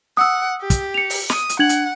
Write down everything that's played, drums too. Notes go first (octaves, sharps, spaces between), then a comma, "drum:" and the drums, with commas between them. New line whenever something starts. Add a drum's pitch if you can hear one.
F#5 D#6 E6
G4
drum: kick, hi-hat
C#7 F7
drum: open hi-hat
D#6, drum: snare
drum: hi-hat
D4 F#5 G#6 F#7
drum: hi-hat